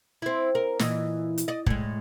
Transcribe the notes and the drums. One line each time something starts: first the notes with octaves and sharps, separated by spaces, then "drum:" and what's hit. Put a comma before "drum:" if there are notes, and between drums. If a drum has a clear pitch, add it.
C4 E4
A#4
A#2 E3 D#5, drum: snare
drum: hi-hat
D5 D#5
A2 G#3, drum: kick